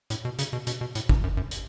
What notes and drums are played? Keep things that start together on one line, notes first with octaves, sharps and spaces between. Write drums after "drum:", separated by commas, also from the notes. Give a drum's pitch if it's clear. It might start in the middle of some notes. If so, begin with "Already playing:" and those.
A2, drum: hi-hat
B2
C#3, drum: hi-hat
B2
B2, drum: hi-hat
B2
A2, drum: hi-hat
G2, drum: kick
F#2
F#2
drum: hi-hat